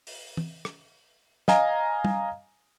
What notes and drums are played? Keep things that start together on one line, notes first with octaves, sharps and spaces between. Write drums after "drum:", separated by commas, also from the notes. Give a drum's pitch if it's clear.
drum: open hi-hat
drum: tom E3
drum: rim click
D#5 F5 G#5 A#5, drum: snare
drum: tom G3